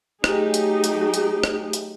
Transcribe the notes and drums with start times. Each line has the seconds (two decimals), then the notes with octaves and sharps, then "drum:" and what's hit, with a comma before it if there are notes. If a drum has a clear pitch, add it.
0.24 F#3 A3 D#4 G4 G#4, drum: rim click
0.54 drum: hi-hat
0.84 drum: hi-hat
1.14 drum: hi-hat
1.44 drum: rim click
1.73 drum: hi-hat